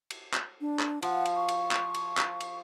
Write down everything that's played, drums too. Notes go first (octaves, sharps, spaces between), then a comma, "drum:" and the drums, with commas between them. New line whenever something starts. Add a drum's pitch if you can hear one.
drum: cymbal
drum: clap
D4
drum: clap
F3 F#5, drum: cymbal
drum: cymbal
C#6
drum: cymbal
drum: clap
drum: cymbal
drum: clap
drum: cymbal